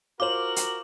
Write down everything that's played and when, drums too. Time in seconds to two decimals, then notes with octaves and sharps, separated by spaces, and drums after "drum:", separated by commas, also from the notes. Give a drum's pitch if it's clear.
0.20 F4 F#4 A#4 C5 D6 F#7
0.56 drum: hi-hat